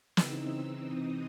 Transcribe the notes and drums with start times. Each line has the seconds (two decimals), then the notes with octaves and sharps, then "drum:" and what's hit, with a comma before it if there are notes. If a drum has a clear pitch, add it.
0.17 C#3 E3 C4 D#4 E6, drum: snare
0.52 E6
0.87 C3 E3 C4 D#4 D#6